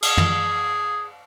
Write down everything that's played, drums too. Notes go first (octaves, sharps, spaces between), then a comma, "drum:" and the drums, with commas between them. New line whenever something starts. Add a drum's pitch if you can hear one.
G#4, drum: cymbal
drum: tom